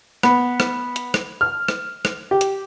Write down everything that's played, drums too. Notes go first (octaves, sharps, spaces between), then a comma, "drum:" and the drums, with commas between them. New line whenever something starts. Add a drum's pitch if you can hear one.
B3, drum: rim click
drum: rim click
drum: hi-hat
drum: rim click
F6
drum: rim click
drum: rim click
G4
drum: hi-hat